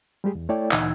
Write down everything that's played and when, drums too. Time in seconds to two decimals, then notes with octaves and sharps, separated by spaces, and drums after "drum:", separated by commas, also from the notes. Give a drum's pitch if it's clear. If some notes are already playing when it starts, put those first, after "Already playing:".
0.24 G3 G#3 G4 G#4
0.35 E2
0.49 A3 E4 A4 C#5 D5 G5
0.72 D2 A#2 E3 D#4 E6 G#6, drum: clap